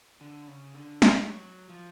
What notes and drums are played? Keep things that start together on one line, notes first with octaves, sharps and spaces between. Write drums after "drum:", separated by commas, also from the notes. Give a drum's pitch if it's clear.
D3
C#3
D3
G3, drum: snare
F#3
F3